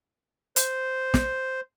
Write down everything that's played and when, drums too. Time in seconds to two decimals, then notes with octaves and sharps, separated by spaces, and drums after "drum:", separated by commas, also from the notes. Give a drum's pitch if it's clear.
0.56 C5, drum: hi-hat
1.14 drum: snare